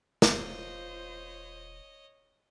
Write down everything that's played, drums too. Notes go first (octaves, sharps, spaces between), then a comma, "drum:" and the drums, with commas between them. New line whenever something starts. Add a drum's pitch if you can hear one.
D#1 F4 C5 C#5 D#5, drum: snare